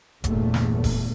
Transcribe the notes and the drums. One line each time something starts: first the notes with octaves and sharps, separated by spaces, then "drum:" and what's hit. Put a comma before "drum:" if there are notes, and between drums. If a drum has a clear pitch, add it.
G1 E2 A#2 A3, drum: kick E1, hi-hat
drum: snare
drum: kick E1, open hi-hat